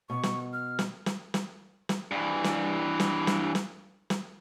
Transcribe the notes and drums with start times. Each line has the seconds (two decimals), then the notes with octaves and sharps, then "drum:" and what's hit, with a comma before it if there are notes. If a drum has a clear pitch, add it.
0.10 B2 C#6
0.23 drum: snare
0.53 F6
0.79 drum: snare
1.06 drum: snare
1.34 drum: snare
1.89 drum: snare
2.11 G2 E3
2.44 drum: snare
3.00 drum: snare
3.27 drum: snare
3.55 drum: snare
4.10 drum: snare